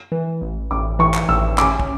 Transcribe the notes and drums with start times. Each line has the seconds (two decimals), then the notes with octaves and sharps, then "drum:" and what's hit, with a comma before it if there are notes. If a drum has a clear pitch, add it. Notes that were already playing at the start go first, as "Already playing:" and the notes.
0.12 E3
0.41 A1
0.71 A1 D6
0.99 E3 C#6
1.14 drum: clap
1.29 A1 E6
1.58 C#4 D6, drum: clap
1.80 drum: kick